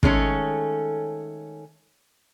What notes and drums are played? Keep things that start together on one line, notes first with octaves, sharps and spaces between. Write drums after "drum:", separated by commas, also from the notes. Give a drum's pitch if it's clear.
D#3 G#3 A3 C#4 A4 C#5, drum: kick